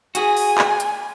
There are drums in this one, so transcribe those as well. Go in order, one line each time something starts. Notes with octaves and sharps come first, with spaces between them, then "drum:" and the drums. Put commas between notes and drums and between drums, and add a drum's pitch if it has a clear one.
F#4 G#4 G#5, drum: hi-hat
drum: open hi-hat
drum: clap
drum: hi-hat